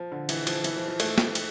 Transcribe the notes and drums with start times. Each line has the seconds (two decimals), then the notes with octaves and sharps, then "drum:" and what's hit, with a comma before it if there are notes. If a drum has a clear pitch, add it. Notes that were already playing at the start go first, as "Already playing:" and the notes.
Already playing: F3
0.12 D3
0.29 E3, drum: cymbal
0.47 F3, drum: cymbal
0.64 E3, drum: cymbal
0.76 F3
0.88 F3
1.00 A3, drum: cymbal
1.18 drum: snare
1.35 drum: cymbal